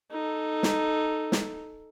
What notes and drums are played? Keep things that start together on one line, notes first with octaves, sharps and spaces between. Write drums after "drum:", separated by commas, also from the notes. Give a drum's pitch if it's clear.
D#4 A4
drum: snare
drum: snare